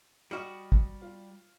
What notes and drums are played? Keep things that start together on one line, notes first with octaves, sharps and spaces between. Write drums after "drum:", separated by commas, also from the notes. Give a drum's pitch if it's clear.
G3 F#4 D#5 F6 C#7
drum: kick
F4